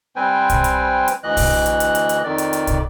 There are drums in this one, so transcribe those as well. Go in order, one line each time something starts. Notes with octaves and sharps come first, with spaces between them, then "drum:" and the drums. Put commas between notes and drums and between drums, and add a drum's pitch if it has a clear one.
G3 C4 B4 C5 G5 G#5
drum: kick, hi-hat
drum: hi-hat
drum: hi-hat
D2 E3 D#5 F#6
drum: kick, open hi-hat
drum: hi-hat
drum: hi-hat
drum: hi-hat
drum: hi-hat
F2 D#3 D5
drum: hi-hat
drum: hi-hat
drum: kick, hi-hat